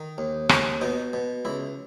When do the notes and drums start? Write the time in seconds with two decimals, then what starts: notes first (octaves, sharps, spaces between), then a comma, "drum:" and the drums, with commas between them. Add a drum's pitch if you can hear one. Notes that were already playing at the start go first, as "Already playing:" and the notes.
Already playing: D#3
0.18 D#2
0.49 D#2, drum: rim click
0.81 B2 D#4
1.13 B2
1.45 C#2 E4